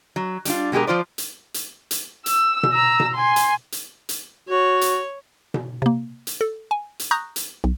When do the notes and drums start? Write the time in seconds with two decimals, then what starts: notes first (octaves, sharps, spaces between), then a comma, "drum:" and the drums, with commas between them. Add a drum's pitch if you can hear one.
0.16 F#3
0.45 G3 D4 F4, drum: hi-hat
0.72 B2 G#3 G4 G#4 A#4
0.87 F3 F4 C5 D5
1.18 drum: hi-hat
1.54 drum: hi-hat
1.91 drum: hi-hat
2.26 E6, drum: hi-hat
2.63 drum: tom B2
2.72 A#5 E6
3.00 drum: tom B2
3.15 G#5 C6
3.36 drum: hi-hat
3.72 drum: hi-hat
4.09 drum: hi-hat
4.49 F#4 C#5
4.81 drum: hi-hat
5.54 drum: tom B2
5.82 C3 A#3
6.27 drum: hi-hat
6.41 A4
6.71 G#5
6.99 drum: hi-hat
7.11 A#5 C#6 D#6 F#6 G6 A#6
7.36 drum: hi-hat
7.64 B1